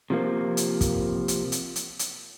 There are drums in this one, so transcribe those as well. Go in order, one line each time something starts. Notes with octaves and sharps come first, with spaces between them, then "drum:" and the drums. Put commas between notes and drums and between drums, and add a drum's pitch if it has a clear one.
C3 F3 A#3
drum: hi-hat
drum: kick, hi-hat
drum: hi-hat
drum: hi-hat
drum: hi-hat
drum: hi-hat